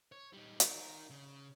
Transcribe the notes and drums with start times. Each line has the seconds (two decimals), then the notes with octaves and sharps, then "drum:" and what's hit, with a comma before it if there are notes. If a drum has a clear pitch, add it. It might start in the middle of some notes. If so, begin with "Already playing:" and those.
0.12 C#5
0.33 G3 D#4
0.60 D#4 A#4, drum: hi-hat
1.11 C#3